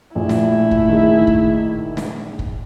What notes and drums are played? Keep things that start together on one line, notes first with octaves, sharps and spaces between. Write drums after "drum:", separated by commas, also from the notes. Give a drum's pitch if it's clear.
A#1 A3 E4
drum: snare
drum: kick
D#3 G#4
drum: kick
drum: snare
drum: kick